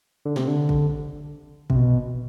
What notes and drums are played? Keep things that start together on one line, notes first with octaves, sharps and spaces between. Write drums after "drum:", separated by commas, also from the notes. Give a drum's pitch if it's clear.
D3
C3, drum: snare
D3
drum: kick
C3, drum: kick
B2